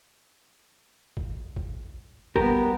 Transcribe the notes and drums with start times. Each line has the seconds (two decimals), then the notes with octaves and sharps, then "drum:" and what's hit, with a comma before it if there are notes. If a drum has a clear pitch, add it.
1.17 drum: kick G#1
1.56 drum: kick G#1
2.36 G3 B3 G4 A#4, drum: kick G#1